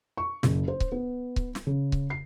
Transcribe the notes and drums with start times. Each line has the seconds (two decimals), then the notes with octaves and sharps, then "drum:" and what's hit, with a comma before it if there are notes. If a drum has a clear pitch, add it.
0.17 C#6
0.43 F#1, drum: snare
0.68 C5
0.80 drum: kick C#1
0.92 B3
1.36 drum: kick C#1
1.55 drum: snare
1.67 C#3
1.92 drum: kick C#1
2.10 C7